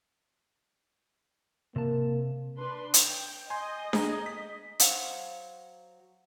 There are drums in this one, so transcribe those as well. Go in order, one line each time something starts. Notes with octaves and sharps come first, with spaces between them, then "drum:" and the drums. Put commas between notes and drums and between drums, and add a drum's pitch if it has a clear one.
C3 A#3 A5
D4 B4 C6
G5, drum: hi-hat
D#5 G#5 C6 G6
G#4 A#5 D#6, drum: snare D4
B6
F#3 C5 F5 F#5, drum: hi-hat